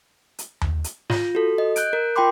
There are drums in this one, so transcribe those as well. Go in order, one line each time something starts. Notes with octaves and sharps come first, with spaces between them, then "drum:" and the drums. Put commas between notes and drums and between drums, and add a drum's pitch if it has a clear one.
drum: hi-hat
drum: tom D#2
drum: hi-hat
F4, drum: snare
F#4 A4
D#5
F#6 G6 D7, drum: hi-hat
A#4
F4 A#4 G5 B5 C6 D6